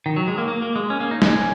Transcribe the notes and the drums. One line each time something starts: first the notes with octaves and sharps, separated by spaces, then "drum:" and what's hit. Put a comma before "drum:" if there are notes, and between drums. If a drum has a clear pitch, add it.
D#3
F#3
G#3
A#3
A#3
A#3
G#3
C#4
A#3
D#4
C#4, drum: snare